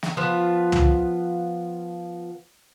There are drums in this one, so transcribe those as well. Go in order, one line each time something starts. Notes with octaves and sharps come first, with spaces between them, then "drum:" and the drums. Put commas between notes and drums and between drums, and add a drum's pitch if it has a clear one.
drum: snare
F3 B3 F4 B4
drum: tom